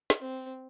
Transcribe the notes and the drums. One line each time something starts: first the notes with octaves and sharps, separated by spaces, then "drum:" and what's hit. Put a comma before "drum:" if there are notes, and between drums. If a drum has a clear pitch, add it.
drum: snare
C4